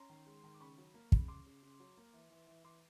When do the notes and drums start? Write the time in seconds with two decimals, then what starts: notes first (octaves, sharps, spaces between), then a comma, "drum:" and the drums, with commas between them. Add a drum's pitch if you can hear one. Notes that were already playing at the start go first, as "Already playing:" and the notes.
Already playing: C#4 A#5 C6
0.10 D#3
0.26 G#3
0.44 D#3
0.54 D6
0.60 C#3 B5 C#6
0.78 F#3
0.94 A#3
1.12 C#3, drum: kick
1.28 C#3 C6 D6
1.46 C#3
1.63 C#3
1.80 F#3
1.97 A#3
2.14 E3
2.30 E3
2.47 E3
2.64 E3 C6 D6